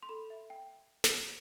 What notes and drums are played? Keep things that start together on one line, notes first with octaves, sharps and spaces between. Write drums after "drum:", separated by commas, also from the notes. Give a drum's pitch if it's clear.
C6
A4 B5
E5
G5
drum: snare